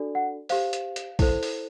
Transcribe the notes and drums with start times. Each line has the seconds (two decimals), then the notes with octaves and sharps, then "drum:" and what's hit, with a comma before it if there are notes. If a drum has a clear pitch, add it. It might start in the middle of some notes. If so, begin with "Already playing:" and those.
Already playing: D4 F#4 A4 D5
0.15 F#5
0.49 G4 C5 F5, drum: open hi-hat
0.73 drum: hi-hat
0.96 drum: hi-hat
1.19 E4 A4 C5, drum: kick A#1, open hi-hat
1.43 drum: open hi-hat